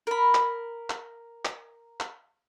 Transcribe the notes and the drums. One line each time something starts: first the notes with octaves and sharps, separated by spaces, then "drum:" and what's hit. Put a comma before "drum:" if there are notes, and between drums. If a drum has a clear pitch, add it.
A#4 B5
drum: clap
drum: clap
drum: clap
drum: clap